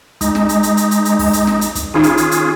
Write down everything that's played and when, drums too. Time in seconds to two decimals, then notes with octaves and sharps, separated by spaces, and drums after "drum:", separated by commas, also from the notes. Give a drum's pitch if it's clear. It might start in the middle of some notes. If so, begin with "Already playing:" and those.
0.21 G#3 D#4, drum: kick, hi-hat
0.35 drum: snare
0.49 drum: hi-hat
0.63 drum: hi-hat
0.77 drum: hi-hat
0.91 drum: hi-hat
1.05 drum: hi-hat
1.19 drum: kick, open hi-hat
1.33 drum: hi-hat
1.47 drum: snare
1.61 drum: hi-hat
1.75 drum: kick, hi-hat
1.94 D#3 C#4 D#4 F4 G#4
2.03 drum: hi-hat
2.17 drum: hi-hat
2.31 drum: hi-hat